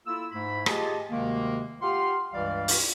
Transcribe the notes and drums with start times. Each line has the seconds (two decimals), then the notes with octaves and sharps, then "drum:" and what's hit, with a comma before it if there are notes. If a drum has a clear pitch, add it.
0.07 A#3 E4 F4 A4 E6
0.32 G#2 A3 E4 B5
0.66 F4 G4 G#4 D#5 G#5 A5, drum: rim click
1.11 D2 C3 D#3 G#3 A#3
1.82 F4 G4 F5 F#5 C6
2.33 C#2 G2 E3 G3 D5 F5
2.68 drum: open hi-hat